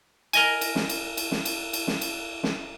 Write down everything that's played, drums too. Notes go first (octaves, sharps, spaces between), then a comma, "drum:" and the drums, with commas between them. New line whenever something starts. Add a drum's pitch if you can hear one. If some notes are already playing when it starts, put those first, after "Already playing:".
A#4 D#5 G#5, drum: cymbal
drum: cymbal
drum: snare
drum: cymbal
drum: cymbal
drum: snare
drum: cymbal
drum: cymbal
drum: snare
drum: cymbal
drum: snare